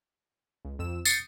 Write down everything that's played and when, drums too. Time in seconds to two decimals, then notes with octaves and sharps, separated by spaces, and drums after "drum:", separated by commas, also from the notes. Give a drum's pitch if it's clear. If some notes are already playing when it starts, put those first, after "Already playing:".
0.65 C#2
0.79 F2 E6 E7
1.05 D#6 G6 A6 C7 C#7, drum: tambourine